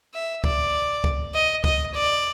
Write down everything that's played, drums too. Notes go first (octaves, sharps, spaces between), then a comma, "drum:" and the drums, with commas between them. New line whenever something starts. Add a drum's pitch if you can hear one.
E5
D5, drum: kick C#2
drum: kick C#2
D#5
D#5, drum: kick C#2
D5